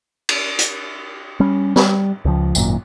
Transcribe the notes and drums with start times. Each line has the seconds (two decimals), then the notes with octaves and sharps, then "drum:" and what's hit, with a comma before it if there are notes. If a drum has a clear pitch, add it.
0.29 drum: cymbal
0.59 drum: hi-hat
1.40 G3 C#4
1.76 G3, drum: snare
2.25 C#2 F3
2.55 G#1 F#2 A#2, drum: tambourine